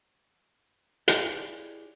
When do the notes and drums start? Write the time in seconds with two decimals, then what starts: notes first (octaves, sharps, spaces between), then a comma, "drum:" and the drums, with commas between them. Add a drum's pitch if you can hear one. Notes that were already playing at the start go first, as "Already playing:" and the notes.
1.08 E4 G4 G#4 C#5 D5, drum: hi-hat